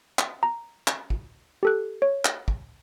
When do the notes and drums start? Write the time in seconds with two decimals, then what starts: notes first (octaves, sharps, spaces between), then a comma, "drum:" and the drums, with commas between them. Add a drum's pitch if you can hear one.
0.19 drum: clap
0.43 A#5
0.87 drum: clap
1.10 drum: kick
1.63 G4 A4 F#6
2.02 C#5
2.25 drum: clap
2.48 drum: kick